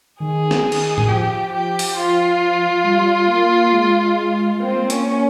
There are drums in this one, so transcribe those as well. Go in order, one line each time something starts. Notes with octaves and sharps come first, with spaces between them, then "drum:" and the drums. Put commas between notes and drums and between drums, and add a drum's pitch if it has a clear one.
D#3 G#4
drum: snare
drum: cymbal
drum: tom A2
F3 G4
G4
drum: open hi-hat
F4
G3
A#3
G#3
A#3 C4
G#3
A#3
C#4, drum: hi-hat